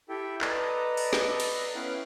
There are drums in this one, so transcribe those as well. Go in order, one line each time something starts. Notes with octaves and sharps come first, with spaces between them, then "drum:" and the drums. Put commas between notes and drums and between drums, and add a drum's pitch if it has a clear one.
E4 G4 A4 E5 G5
A4 B4 D5 D#5 A5 A#5, drum: clap
drum: open hi-hat
drum: snare
drum: cymbal
B3 C#4 E4 F5 G5 F#6